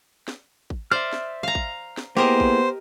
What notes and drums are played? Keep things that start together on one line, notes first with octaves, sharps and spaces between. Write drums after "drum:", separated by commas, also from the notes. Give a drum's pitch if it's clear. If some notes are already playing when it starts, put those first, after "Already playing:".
drum: snare
drum: kick
C5 D5 E5 F6
drum: snare
F5 A#5
drum: kick
drum: snare
A#3 B3 E4 G4 G#4 A#4 C5 D#5
drum: kick